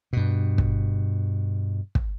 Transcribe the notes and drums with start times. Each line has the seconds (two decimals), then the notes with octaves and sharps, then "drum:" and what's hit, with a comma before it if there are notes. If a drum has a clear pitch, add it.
0.13 G2 B2
0.58 drum: kick
1.95 drum: kick